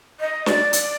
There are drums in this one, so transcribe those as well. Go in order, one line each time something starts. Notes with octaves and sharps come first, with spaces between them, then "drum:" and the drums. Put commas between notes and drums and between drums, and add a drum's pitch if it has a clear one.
D#5
D5, drum: snare
drum: hi-hat